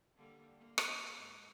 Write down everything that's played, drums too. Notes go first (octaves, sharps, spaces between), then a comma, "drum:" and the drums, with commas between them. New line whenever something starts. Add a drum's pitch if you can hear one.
D3 G3 A#3
A#3
drum: rim click
G#2